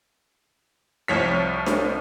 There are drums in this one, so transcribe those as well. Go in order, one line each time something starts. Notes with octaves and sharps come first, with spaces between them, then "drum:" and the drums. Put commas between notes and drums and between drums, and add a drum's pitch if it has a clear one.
C2 F3 C#5 B6
drum: snare D4